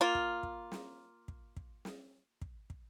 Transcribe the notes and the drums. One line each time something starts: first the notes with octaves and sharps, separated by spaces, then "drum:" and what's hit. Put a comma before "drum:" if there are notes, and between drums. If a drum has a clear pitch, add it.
A#3 F4
drum: kick
drum: kick
drum: snare
drum: kick
drum: kick
drum: snare
drum: kick
drum: kick